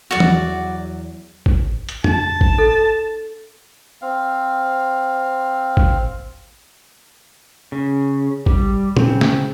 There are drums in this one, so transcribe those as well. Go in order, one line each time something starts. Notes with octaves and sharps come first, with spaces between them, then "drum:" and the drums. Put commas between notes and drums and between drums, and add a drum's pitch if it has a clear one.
E2 F#3 F#4 D5
drum: tom E3
drum: kick G1
drum: hi-hat
D4 A5, drum: tom F2
drum: kick G1
A4
C4 F5
drum: kick G1
C#3
G3, drum: kick G1
C#3 C4, drum: tom A#2
drum: snare